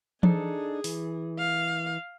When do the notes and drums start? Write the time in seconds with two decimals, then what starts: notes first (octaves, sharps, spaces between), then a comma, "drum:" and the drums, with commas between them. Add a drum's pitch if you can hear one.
0.23 D4 D#4 G#4 A4, drum: tom E3
0.84 E3, drum: open hi-hat
1.39 F5